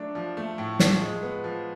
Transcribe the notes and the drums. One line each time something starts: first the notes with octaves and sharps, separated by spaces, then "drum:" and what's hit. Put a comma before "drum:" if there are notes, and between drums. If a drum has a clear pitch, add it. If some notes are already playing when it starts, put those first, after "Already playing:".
Already playing: F#3 A3 D4
F3
A3
A2
F3, drum: snare
G#3
B3
F3